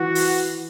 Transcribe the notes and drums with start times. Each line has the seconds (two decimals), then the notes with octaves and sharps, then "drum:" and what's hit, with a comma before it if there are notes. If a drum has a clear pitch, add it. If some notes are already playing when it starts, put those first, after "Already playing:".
Already playing: E3 F#4
0.15 drum: open hi-hat